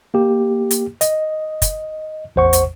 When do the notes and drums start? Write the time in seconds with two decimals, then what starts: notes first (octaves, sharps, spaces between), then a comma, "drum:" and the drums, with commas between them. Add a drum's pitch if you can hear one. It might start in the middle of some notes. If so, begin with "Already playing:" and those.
0.14 A#3 G4
0.71 drum: hi-hat
1.01 D#5, drum: hi-hat
1.62 drum: kick, hi-hat
2.36 A1 E2 C5 F#5 C#6
2.53 drum: hi-hat